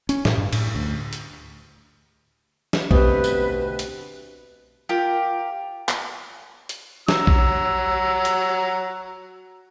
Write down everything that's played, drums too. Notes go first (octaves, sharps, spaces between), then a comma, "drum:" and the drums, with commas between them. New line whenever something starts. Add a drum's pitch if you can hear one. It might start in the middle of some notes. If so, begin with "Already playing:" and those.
C#4, drum: hi-hat
A2, drum: snare
G2
A2, drum: cymbal
D2
drum: hi-hat
drum: snare
D2 B2 C4 G4 B4 D#6, drum: kick A#1
drum: tambourine
drum: hi-hat
F4 G4 A#4
drum: clap
drum: hi-hat
F#3 A#5 E6, drum: snare
drum: kick A#1
drum: hi-hat